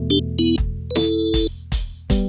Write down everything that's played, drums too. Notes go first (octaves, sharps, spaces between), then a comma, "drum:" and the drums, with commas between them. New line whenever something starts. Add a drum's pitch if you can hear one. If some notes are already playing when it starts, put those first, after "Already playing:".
Already playing: E2 B2 A3
D4 G4
B3 E4
drum: kick
B4
E4 A4, drum: snare
drum: kick, hi-hat
drum: kick, hi-hat
G3 B3, drum: kick, hi-hat